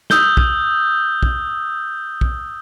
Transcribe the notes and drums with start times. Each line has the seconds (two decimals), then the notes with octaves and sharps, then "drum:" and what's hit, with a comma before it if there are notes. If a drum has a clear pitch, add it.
0.10 D#6 E6 G6 G7, drum: snare
0.37 drum: kick B1
1.23 drum: kick B1
2.21 drum: kick B1